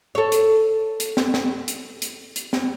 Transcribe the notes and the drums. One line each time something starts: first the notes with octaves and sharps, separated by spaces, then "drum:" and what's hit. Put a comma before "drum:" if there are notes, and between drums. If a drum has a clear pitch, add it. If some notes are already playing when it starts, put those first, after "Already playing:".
A4 C#5
drum: hi-hat
drum: hi-hat
drum: snare
drum: snare
drum: hi-hat
drum: hi-hat
drum: hi-hat
drum: snare